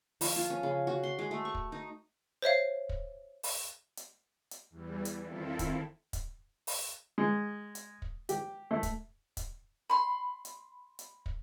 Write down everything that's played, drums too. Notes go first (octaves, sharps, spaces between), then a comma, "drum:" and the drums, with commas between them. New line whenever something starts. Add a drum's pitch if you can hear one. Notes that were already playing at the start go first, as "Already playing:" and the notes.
F3, drum: open hi-hat
F4
C#4
C#3
F#4
C6
G#3
A3
C#6
drum: kick
D#4
C5 C#5 E5 F5
drum: kick
drum: open hi-hat
drum: hi-hat
drum: hi-hat
E2 E3 G3
drum: hi-hat
D#3 C4 E4 F4 A4
drum: kick, hi-hat
drum: kick, hi-hat
drum: open hi-hat
G#3
drum: hi-hat
drum: kick
G4, drum: hi-hat
A3
drum: kick, hi-hat
drum: kick, hi-hat
B5 C6
drum: hi-hat
drum: hi-hat
drum: kick